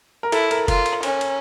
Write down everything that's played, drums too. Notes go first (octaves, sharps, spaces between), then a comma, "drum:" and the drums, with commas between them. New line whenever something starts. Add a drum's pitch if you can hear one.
A#4
E4 A4, drum: cymbal
A#4, drum: cymbal
F4, drum: kick F1, cymbal
drum: cymbal
C#4, drum: cymbal
drum: cymbal